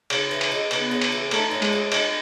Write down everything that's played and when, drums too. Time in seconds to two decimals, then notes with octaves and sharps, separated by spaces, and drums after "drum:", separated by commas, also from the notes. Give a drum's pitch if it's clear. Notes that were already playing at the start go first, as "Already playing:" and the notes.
0.10 C#3, drum: cymbal
0.31 E3
0.41 drum: cymbal
0.52 G#3
0.71 C#3 B3, drum: cymbal
0.91 C#3
1.01 drum: cymbal
1.12 E3
1.31 A3 D#4, drum: cymbal
1.51 A2
1.62 G#3, drum: cymbal
1.73 A2
1.92 G#3, drum: cymbal